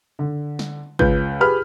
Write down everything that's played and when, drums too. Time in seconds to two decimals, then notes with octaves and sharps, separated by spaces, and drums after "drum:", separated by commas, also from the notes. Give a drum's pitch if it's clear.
0.19 D3
0.59 drum: snare
0.99 C#2 B4 G6, drum: kick
1.40 G4 G#4 B4 B5 F6